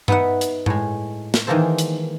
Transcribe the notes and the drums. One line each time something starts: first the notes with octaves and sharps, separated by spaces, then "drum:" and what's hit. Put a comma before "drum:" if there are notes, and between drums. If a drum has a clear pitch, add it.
B3 D#4 B4 E5 F#5, drum: tom G2
drum: hi-hat
A2 G#3, drum: tom G2
drum: snare
D#3 E3 G#3 A#3 A4 C5
drum: hi-hat